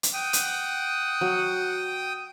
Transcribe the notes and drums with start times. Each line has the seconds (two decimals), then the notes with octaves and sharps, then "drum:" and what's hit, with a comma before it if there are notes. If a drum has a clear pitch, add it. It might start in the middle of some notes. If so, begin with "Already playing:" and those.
0.03 drum: hi-hat
0.14 F#5 G5 D#6
0.33 drum: hi-hat
1.21 F#3